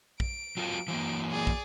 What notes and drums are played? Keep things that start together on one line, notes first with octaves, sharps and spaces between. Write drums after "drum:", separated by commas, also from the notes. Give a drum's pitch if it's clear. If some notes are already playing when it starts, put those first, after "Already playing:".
D7, drum: kick
F#3 F4 A4
E3 F#3 A#3
G#4 D5
drum: kick